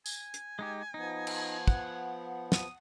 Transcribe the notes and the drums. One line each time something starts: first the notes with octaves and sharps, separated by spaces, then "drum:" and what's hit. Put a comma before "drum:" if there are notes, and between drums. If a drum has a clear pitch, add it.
G#5, drum: tambourine
drum: hi-hat
G#3 D#4 G4
F3 B3 D#4
drum: cymbal
F#5, drum: kick
D#6, drum: snare